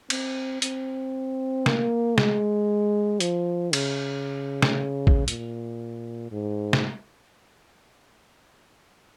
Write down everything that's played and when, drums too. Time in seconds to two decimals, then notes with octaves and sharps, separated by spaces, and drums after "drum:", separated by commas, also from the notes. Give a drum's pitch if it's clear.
0.10 C4, drum: cymbal
0.62 C4, drum: hi-hat
1.66 A#3, drum: snare
2.18 G#3, drum: snare
3.20 F3, drum: hi-hat
3.73 C#3, drum: cymbal
4.62 drum: snare
5.07 drum: kick A1
5.28 A#2, drum: hi-hat
6.32 G#2
6.73 drum: snare